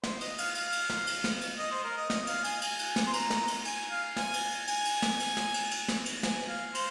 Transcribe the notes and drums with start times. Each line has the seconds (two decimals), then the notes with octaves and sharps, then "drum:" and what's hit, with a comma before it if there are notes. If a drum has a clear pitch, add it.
0.03 C5, drum: snare
0.21 D#5, drum: cymbal
0.38 F5, drum: cymbal
0.55 F5, drum: cymbal
0.72 drum: cymbal
0.90 drum: snare
1.07 drum: cymbal
1.24 drum: snare
1.41 drum: cymbal
1.58 D#5
1.72 C5
1.84 A#4
1.97 D#5
2.10 D#5, drum: snare
2.27 F5, drum: cymbal
2.44 G#5, drum: cymbal
2.62 G#5, drum: cymbal
2.79 drum: cymbal
2.96 drum: snare
3.07 C6
3.13 A#5, drum: cymbal
3.30 drum: snare
3.48 drum: cymbal
3.65 G#5, drum: cymbal
3.90 F5
4.16 G#5, drum: snare
4.34 drum: cymbal
4.51 drum: cymbal
4.67 G#5, drum: cymbal
4.85 drum: cymbal
5.02 drum: snare
5.20 drum: cymbal
5.37 drum: snare
5.54 drum: cymbal
5.71 drum: cymbal
5.88 drum: snare
6.06 drum: cymbal
6.23 G#5, drum: snare
6.48 F5
6.75 C5, drum: cymbal